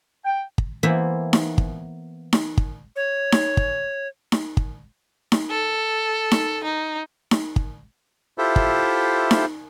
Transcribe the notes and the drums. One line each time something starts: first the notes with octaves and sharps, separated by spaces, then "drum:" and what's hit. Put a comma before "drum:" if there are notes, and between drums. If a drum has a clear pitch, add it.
G5
drum: kick
E3 A#3 B3 E4 C5 E5
drum: snare D#4
drum: kick
drum: snare D#4
drum: kick
C#5
drum: snare D#4
drum: kick
drum: snare D#4
drum: kick
drum: snare D#4
A4
drum: snare D#4
D#4
drum: snare D#4
drum: kick
E4 F4 G4 A4 C5 E5
drum: kick
drum: snare D#4